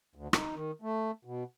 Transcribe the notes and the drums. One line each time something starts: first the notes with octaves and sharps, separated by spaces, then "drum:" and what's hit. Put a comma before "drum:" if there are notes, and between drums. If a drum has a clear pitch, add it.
D2
D#4, drum: rim click
D#3
A3
B2